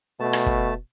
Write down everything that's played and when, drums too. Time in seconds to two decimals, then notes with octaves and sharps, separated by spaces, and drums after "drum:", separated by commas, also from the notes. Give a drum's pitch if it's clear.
0.20 B2 A3 A5
0.33 drum: rim click
0.46 drum: kick